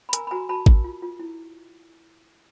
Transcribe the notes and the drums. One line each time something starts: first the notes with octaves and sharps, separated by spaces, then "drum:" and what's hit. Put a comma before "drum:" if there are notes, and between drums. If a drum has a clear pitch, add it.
B5
A#4 G#5 A#5, drum: hi-hat
B5
F#4 G#5 A#5
F#4 A5 B5
A#4, drum: kick
F4
F4
E4